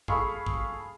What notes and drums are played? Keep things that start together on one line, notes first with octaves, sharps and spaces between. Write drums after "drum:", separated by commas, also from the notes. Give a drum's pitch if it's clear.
G#4 A4 F5 B5 C#6, drum: kick
drum: kick